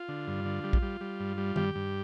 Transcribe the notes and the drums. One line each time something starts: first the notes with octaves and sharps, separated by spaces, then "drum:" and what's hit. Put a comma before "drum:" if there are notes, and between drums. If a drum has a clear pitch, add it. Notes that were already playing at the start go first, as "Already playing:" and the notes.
Already playing: F4
D3
G2
D3
G3
drum: kick A#1
G3
G3
G2
G3
G2 G4, drum: tom
G2